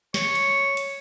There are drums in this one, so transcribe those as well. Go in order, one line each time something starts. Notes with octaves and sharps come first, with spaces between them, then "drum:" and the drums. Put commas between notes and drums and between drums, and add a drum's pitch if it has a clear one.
C#5, drum: snare
drum: hi-hat
drum: hi-hat